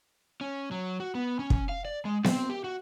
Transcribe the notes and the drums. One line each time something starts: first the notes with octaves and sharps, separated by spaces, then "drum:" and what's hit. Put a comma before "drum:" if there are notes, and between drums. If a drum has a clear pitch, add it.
C#4
F#3
F#4
B3
C#4
drum: kick
F5
D5
G#3
C4, drum: snare B3
G4
F#4